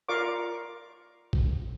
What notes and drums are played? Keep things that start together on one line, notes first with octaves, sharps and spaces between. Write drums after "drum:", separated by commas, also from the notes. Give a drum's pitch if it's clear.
F4 A#4 D5 F5 C#6 D6
drum: kick